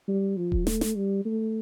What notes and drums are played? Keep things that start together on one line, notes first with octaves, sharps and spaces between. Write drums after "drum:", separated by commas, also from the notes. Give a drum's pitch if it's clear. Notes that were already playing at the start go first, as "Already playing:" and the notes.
G3
F3
drum: kick D#1
A3, drum: snare
drum: snare
G3
A3